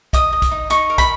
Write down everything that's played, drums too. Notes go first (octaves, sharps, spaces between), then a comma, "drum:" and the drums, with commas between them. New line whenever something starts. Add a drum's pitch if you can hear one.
D#5 D#6, drum: kick, hi-hat
D#5
drum: kick, hi-hat
D#4
D#4 C#6, drum: hi-hat
A#4
B5, drum: kick, hi-hat